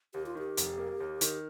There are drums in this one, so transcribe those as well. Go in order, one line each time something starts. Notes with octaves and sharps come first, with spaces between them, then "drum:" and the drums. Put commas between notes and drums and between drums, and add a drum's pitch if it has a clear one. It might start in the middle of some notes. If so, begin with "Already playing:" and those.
D#2 G4
F4
D#3 G4
F1, drum: hi-hat
A#3
D#2
D#3, drum: hi-hat